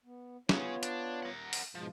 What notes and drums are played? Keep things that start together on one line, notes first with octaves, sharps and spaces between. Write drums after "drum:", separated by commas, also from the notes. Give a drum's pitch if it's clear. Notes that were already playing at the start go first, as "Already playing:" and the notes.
B3
B3 C#4 F4 G#4 C#5, drum: snare
D4, drum: hi-hat
A#4 F#5
drum: open hi-hat
G#2 B2 F3 G#3